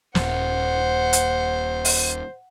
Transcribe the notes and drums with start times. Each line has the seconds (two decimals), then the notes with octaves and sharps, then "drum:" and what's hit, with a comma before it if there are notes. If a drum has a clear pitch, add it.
0.15 D#1 C5 F#5, drum: snare
1.13 drum: hi-hat
1.85 drum: open hi-hat